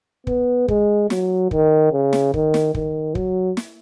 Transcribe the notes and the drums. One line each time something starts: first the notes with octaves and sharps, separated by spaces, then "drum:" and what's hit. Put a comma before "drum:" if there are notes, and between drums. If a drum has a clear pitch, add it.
B3, drum: kick
G#3, drum: kick
F#3, drum: snare
D#3, drum: kick
C#3
drum: snare
D#3, drum: kick
drum: snare
D#3, drum: kick
F#3, drum: kick
drum: snare